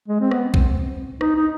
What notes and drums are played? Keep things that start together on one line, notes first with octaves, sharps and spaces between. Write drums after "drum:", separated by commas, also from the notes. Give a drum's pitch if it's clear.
G#3
C4
B3, drum: rim click
C4, drum: kick B1
D#4, drum: rim click
D#4